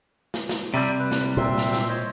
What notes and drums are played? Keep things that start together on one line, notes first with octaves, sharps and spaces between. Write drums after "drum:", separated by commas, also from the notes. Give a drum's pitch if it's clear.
drum: snare
drum: snare
C3 G3 D5 E5 B5
B4
drum: snare
A#2 C4 E5 C6
drum: snare
drum: snare
C5 C#5 D#5